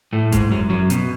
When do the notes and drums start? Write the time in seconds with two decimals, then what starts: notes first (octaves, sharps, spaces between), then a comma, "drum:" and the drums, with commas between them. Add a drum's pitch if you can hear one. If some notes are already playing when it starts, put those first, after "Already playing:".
0.13 A2 A3
0.32 G#2 G#3, drum: kick G1, hi-hat
0.51 F#2 F#3
0.70 F#2 F#3
0.90 B2, drum: hi-hat